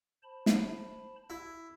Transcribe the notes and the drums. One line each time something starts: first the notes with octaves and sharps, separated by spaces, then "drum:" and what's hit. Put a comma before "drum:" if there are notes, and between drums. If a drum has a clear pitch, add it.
C5 A5 B5
drum: snare
E4